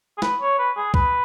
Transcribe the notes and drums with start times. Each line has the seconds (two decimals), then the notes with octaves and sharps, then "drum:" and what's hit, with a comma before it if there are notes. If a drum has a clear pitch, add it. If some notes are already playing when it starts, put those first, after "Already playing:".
0.18 G#4
0.22 B4, drum: snare
0.41 C#5
0.59 B4
0.76 G#4
0.94 B4, drum: kick